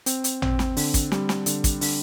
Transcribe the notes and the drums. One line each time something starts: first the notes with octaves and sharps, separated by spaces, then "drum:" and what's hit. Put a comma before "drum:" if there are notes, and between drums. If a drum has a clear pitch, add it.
C4, drum: hi-hat
drum: hi-hat
C4, drum: tom A1
drum: snare
D3, drum: open hi-hat
drum: kick, hi-hat
G3, drum: snare
drum: snare
D3, drum: hi-hat
drum: kick, hi-hat
D3, drum: open hi-hat